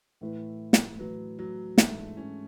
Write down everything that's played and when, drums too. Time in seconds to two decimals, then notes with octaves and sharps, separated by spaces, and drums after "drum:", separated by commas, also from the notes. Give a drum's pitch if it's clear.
0.21 A2 E3 A3 E4 B4
0.73 drum: snare
0.99 A2 E3 F#3 A3 E4 B4
1.39 F#3
1.78 G#2 E3 G#3 A3 D4, drum: snare
2.17 C#4